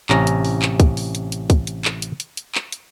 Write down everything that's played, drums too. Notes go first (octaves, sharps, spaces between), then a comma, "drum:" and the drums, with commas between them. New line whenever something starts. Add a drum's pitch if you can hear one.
A1 C3 C#4 A#5, drum: clap
drum: hi-hat
drum: open hi-hat
drum: clap
drum: kick, hi-hat
drum: open hi-hat
drum: hi-hat
drum: hi-hat
drum: kick, hi-hat
drum: hi-hat
drum: clap
drum: hi-hat
drum: hi-hat
drum: hi-hat
drum: clap
drum: hi-hat